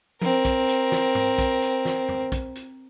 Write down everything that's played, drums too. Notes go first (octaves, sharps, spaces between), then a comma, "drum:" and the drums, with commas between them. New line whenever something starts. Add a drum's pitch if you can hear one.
C4 A#4, drum: tom F3
drum: kick, hi-hat
drum: hi-hat
drum: snare
drum: tom G#2
drum: kick, hi-hat
drum: hi-hat
drum: snare
drum: tom F2
drum: kick, hi-hat
drum: hi-hat